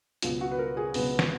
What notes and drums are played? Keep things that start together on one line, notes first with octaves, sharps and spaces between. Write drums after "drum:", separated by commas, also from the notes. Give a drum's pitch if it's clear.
C#2 B2 F#3 B3 F4, drum: hi-hat
F#4
B4
A#4
G#4
C#2 B2 F#3 B3 B4, drum: open hi-hat
drum: snare